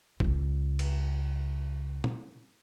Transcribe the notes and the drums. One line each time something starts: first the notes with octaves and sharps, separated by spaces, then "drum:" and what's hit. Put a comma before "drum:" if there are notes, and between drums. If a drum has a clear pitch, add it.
C#2 C#3, drum: kick A1
drum: cymbal
drum: tom